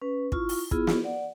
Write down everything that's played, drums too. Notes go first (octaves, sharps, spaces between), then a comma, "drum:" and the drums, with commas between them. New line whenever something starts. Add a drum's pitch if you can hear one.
C#4 B4
E4 F4 C#6, drum: kick
drum: open hi-hat
B3 E4 F4 G#4, drum: kick
drum: snare
D5 F#5